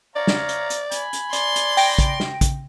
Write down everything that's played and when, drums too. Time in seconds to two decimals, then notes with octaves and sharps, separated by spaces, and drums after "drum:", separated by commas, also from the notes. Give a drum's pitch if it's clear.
0.16 C#5 D5 F5 A#5
0.27 drum: snare
0.49 drum: hi-hat
0.70 drum: hi-hat
0.92 G#5 B5, drum: hi-hat
1.13 drum: hi-hat
1.33 D5 C6, drum: hi-hat
1.56 drum: hi-hat
1.77 G5 A#6 D7, drum: open hi-hat
1.98 drum: kick, hi-hat
2.20 drum: snare
2.41 drum: kick, hi-hat